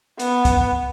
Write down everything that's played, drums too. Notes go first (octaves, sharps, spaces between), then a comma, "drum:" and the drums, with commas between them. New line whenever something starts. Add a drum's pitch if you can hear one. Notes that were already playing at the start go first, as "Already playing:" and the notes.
B3, drum: hi-hat
drum: kick, hi-hat